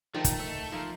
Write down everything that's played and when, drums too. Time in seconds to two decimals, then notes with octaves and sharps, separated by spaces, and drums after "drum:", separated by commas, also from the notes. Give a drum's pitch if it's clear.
0.14 D#3 F3 A3 D4 A#4
0.24 drum: kick, hi-hat
0.40 A4 E5
0.72 F3 A#3 D#4